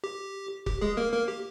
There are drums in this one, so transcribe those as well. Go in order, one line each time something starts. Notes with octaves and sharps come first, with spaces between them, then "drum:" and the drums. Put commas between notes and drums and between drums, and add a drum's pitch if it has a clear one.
G4
G4, drum: kick C#1
G#3 G#4
A#3 A#4
A#3 A#4
G4